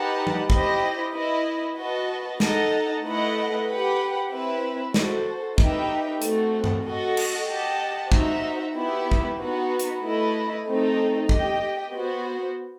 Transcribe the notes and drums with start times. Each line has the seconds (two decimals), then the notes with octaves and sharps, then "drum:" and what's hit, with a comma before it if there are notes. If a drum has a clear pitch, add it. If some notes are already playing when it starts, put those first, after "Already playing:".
Already playing: D#4 G4 B4 F#5 A5
0.27 drum: tom F#3
0.50 E4 G4 C5 D#5, drum: kick
1.13 E4 B4 D#5
1.77 F#4 B4 D#5 A5
2.40 D#4 A4 D#5 F#5 A5, drum: snare
3.04 A3 E4 B4 D#5 F#5
3.67 G4 B4 F#5
4.31 C4 E4 B4 E5
4.94 F#4 A4 C5, drum: snare
5.58 D#4 G4 B4 E5 G5, drum: kick
6.22 A3 C4 F#4, drum: hi-hat
6.64 drum: tom G2
6.85 F#4 A4 D#5
7.17 drum: cymbal
7.48 G4 D#5 F#5 A5
8.12 D#4 F#4 C5 E5, drum: kick
8.75 B3 E4 G4 B4 E5
9.12 drum: kick
9.39 B3 D#4 F#4 B4
9.79 drum: hi-hat
10.03 A3 E4 B4 D#5
10.66 A3 C4 D#4 A4
11.29 G4 D#5 G5, drum: kick
11.93 B3 F#4 C5